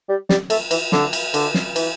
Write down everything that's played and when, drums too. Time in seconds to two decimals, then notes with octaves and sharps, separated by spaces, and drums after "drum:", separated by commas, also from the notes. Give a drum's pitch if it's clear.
0.09 G3
0.29 G3, drum: snare
0.50 A3, drum: cymbal
0.71 E3, drum: cymbal
0.92 D3, drum: snare
1.13 drum: cymbal
1.34 D3, drum: cymbal
1.54 drum: snare
1.76 E3, drum: cymbal